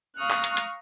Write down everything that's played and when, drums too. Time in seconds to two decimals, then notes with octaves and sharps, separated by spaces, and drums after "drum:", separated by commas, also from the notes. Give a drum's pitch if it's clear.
0.17 F5 A#5 C#6 D#6 F6 F#6
0.30 drum: clap
0.44 drum: hi-hat
0.57 drum: hi-hat